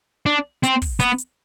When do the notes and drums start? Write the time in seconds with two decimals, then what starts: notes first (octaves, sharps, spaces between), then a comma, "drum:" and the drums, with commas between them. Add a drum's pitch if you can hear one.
0.26 D4
0.64 C4, drum: hi-hat
0.82 drum: kick, open hi-hat
1.00 B3, drum: hi-hat
1.18 drum: hi-hat